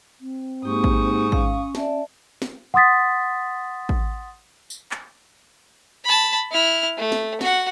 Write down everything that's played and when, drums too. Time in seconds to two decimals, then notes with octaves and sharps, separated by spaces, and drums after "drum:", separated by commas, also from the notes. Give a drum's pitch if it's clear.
0.21 C4
0.65 G#2 A#3 D#4 G4 C#6 D#6
0.84 drum: kick A1
1.32 C#4 F5, drum: kick A1
1.75 D5 E5 A5, drum: snare
2.42 drum: snare
2.74 F#5 C6 D#6 A6 B6
3.89 drum: kick A1
4.70 drum: tambourine
4.91 drum: clap
6.04 A5 B5
6.52 E4 F6
6.97 A3
7.12 drum: snare
7.41 F#4 F#5, drum: snare